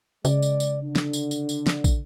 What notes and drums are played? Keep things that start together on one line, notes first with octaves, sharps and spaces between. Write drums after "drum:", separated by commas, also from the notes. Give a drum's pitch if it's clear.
C#3 G#3 D5, drum: tambourine
drum: tambourine
drum: tambourine
D3 D4
drum: snare
drum: tambourine
drum: tambourine
drum: tambourine
drum: snare
drum: kick, tambourine